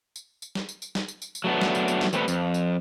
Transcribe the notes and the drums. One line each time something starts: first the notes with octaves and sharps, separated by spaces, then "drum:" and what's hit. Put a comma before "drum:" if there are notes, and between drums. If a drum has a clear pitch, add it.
drum: tambourine
drum: tambourine
drum: snare
drum: tambourine
drum: tambourine
drum: snare
drum: tambourine
drum: tambourine
drum: tambourine
F#3 A3 B3 D4
drum: snare
drum: tambourine
drum: tambourine
drum: snare
E2 G3 A3 C4 E4 B4, drum: tambourine
F2, drum: tambourine
drum: tambourine